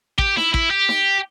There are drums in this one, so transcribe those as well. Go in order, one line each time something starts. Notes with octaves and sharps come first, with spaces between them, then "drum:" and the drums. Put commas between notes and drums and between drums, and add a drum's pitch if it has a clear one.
G4, drum: kick
E4, drum: snare D#4
E4, drum: kick
G4
drum: snare D#4